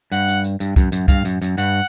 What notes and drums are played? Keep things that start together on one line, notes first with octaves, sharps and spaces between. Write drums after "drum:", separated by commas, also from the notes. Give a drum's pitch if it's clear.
G2 F#5, drum: hi-hat
drum: hi-hat
drum: hi-hat
G2, drum: hi-hat
F#2, drum: kick, hi-hat
F#2, drum: hi-hat
G2 F5, drum: kick, hi-hat
F#2, drum: hi-hat
F#2, drum: hi-hat
G2 F#5, drum: hi-hat